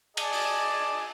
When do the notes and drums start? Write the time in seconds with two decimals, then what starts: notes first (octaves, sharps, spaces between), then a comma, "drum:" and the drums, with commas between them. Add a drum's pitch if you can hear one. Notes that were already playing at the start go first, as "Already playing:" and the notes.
0.17 G#4 D5 D#5 G#5 A5, drum: cymbal
0.33 drum: open hi-hat